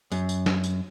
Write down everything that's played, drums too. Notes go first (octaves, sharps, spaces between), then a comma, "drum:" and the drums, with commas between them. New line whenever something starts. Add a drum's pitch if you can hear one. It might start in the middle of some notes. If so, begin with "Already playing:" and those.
F#2, drum: tambourine
drum: tambourine
drum: snare
drum: tambourine